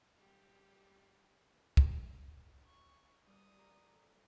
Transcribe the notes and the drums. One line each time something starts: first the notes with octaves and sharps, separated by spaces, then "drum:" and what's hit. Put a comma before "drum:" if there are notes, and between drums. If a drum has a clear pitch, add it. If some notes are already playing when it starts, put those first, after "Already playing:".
G3 G4
G3, drum: kick
C#6
G3 A#4 D#6
G4 A#5
A4